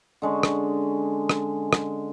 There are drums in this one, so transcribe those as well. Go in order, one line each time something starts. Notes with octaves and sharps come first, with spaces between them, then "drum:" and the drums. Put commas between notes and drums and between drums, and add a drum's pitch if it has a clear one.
D3 G#3 C#4
drum: rim click
drum: rim click
drum: rim click